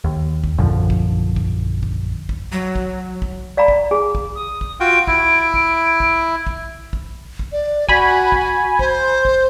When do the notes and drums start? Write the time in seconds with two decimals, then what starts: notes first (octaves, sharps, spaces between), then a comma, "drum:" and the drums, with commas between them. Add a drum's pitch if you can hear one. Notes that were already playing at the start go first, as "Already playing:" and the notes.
0.04 D#2
0.44 drum: kick
0.58 A#1 F#2 D3 F3
0.90 drum: kick
1.36 drum: kick
1.83 drum: kick
2.29 drum: kick
2.52 F#3
2.76 drum: kick
3.22 drum: kick
3.57 D5 F5 G#5 A#5 B5
3.68 drum: kick
3.91 G#4 G#5
4.15 drum: kick
4.35 D#6
4.61 drum: kick
4.80 F4 F#4 G5 D7
5.07 E4, drum: kick
5.54 drum: kick
6.00 drum: kick
6.47 drum: kick
6.93 drum: kick
7.39 drum: kick
7.52 D5
7.89 F#4 G#5 B5, drum: kick
8.32 drum: kick
8.79 C5, drum: kick
9.25 drum: kick